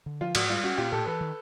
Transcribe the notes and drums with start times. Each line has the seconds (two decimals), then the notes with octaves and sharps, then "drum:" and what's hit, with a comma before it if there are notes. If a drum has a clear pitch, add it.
0.06 D3
0.21 F3 F4
0.35 G#2 F#4, drum: cymbal
0.49 G3 F4
0.64 C#4 F#4
0.77 A#2 F4 G4
0.92 A2 G4 A4
1.06 E3 A4 B4
1.20 D#3